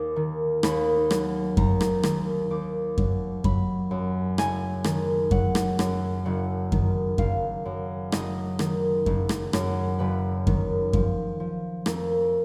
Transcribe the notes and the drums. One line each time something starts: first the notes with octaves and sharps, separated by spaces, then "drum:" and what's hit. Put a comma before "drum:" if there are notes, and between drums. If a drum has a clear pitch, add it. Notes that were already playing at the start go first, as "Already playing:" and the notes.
Already playing: D#2 D6
D#3
D#2 B5, drum: rim click
F#3, drum: rim click
D#2 A#5, drum: kick F#2
drum: rim click
D#3, drum: rim click
D#2 D6
F#3, drum: kick F#2
F#3 B5, drum: kick F#2
F#2
F#1 G#5, drum: rim click
D#3, drum: rim click
F#3 F#5, drum: kick F#2
drum: rim click
F#2, drum: rim click
F#1 F#5
D#3, drum: kick F#2
F#1 F5, drum: kick F#2
F#2
F#1 D#5, drum: rim click
D#3, drum: rim click
F#1, drum: kick F#2
drum: rim click
F#2, drum: rim click
F#1 B4
D#3, drum: kick F#2
F3, drum: kick F#2
F3
F2 A#4, drum: rim click